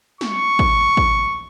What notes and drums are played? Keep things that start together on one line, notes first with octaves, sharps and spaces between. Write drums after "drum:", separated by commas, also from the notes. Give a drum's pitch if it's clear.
C#6, drum: snare
drum: kick
drum: kick